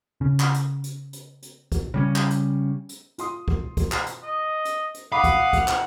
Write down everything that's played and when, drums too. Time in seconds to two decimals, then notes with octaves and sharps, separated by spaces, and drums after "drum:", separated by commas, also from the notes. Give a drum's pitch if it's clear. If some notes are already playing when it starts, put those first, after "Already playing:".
0.21 C#3
0.40 drum: clap
0.54 drum: hi-hat
0.84 drum: hi-hat
1.13 drum: hi-hat
1.42 drum: hi-hat
1.72 drum: kick, hi-hat
1.94 C#3 G3 C#4
2.16 drum: clap
2.30 drum: hi-hat
2.89 drum: hi-hat
3.18 F4 C6 D#6, drum: hi-hat
3.48 drum: kick
3.77 drum: kick, hi-hat
3.92 drum: clap
4.06 drum: hi-hat
4.23 D#5
4.65 drum: hi-hat
4.94 drum: hi-hat
5.12 F5 F#5 B5 D6 D#6
5.24 drum: kick, hi-hat
5.53 drum: kick, hi-hat
5.68 drum: clap